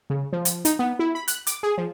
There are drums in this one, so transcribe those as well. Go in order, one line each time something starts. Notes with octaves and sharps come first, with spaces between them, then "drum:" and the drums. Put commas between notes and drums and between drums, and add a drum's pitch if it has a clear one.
C#3
F3
drum: hi-hat
D#4, drum: hi-hat
B3
E4
B5
F#6, drum: hi-hat
D6, drum: hi-hat
G#4
F3